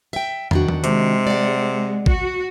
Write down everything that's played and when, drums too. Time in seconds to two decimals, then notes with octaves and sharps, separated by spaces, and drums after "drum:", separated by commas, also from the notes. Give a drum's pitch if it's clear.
0.13 E5 G5
0.51 D#3 D4 F#4, drum: tom
0.68 drum: tom D#3
0.84 C3 G#3, drum: hi-hat
1.27 D5 F#5
2.06 F#4, drum: kick G#1